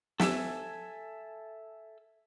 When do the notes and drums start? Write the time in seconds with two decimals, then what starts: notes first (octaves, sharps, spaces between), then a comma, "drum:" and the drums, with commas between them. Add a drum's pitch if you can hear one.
0.20 A4 E5 G#5 E6, drum: snare